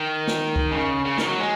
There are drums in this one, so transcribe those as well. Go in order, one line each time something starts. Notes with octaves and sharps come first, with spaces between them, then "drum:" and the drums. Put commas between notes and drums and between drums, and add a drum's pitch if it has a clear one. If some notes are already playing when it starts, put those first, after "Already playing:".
Already playing: D#3
drum: snare
drum: kick
C#3
C#3
D#3, drum: snare
F#3
G#3